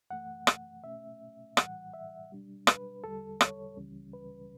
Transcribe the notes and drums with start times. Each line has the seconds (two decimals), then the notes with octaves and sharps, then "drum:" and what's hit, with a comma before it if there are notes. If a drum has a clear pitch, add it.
0.10 F#2 E3 A3 F#5
0.47 drum: rim click
0.83 B2 A3 C#4 E5
1.57 A2 E3 G3 F#5, drum: rim click
1.94 E5
2.30 B2 G3 D4
2.67 B4, drum: rim click
3.03 E2 D3 G3 A4
3.41 C#5, drum: rim click
3.77 C#2 C#3 E3 G3 C#4
4.13 B4